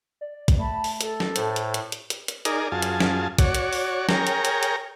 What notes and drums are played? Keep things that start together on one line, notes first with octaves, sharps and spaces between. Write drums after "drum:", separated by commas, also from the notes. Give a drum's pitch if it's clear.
D5
drum: kick, hi-hat
A3 A5 B5
drum: open hi-hat
A4, drum: hi-hat
drum: snare
A2 C5, drum: hi-hat
drum: hi-hat
drum: hi-hat
drum: hi-hat
drum: hi-hat
drum: hi-hat
D#4 G#4 A#4 D5, drum: hi-hat
F#2 F4 G#4 A5
drum: hi-hat
drum: snare
F#4 C#5 D5, drum: kick, hi-hat
drum: hi-hat
drum: open hi-hat
G#4 A#4 C#5 G5 A#5, drum: snare
drum: hi-hat
drum: hi-hat
drum: hi-hat